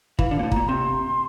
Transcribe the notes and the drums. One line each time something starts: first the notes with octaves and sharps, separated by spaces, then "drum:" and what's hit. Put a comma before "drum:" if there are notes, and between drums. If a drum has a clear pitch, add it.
E3 F5, drum: kick
D3
A#2
A2
A#2 A#5, drum: kick
C3 C6